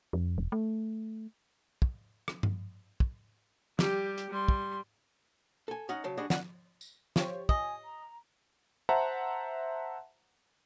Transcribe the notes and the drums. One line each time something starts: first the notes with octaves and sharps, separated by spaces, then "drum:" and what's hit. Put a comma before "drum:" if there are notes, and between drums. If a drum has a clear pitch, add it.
F2
E1
A3
drum: kick
drum: rim click
drum: tom G2
drum: kick
G3 G4, drum: snare
drum: hi-hat
G3 C6
drum: kick
A4 G#5
C#4 D#4 D#5 F#5
C#3 F#3 A5
G3 D4 F#4 G#4 D#5
D5 F#5, drum: snare
drum: tambourine
F4 G4 C5 C#5, drum: snare
D#5 G#5, drum: kick
A#5
C5 E5 F#5 A5 A#5